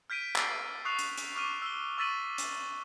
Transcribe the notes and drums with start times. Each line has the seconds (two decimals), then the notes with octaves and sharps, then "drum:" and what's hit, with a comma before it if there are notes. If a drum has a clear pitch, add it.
0.10 F6 G6 B6 D7 D#7
0.36 E6 A6 C7 D7, drum: clap
0.85 C#6 D#6 F#6 C7 F7
0.99 drum: hi-hat
1.18 drum: hi-hat
1.35 C#6 D6 F6 D#7
1.62 E6 G7
1.98 C#6 E6 A6 B6 D#7 F#7
2.38 drum: hi-hat